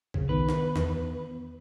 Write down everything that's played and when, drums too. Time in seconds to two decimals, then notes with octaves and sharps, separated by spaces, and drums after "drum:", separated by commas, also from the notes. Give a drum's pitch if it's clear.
0.14 C#3, drum: kick B1
0.29 D#3 B3 B4
0.48 drum: snare
0.76 E2, drum: snare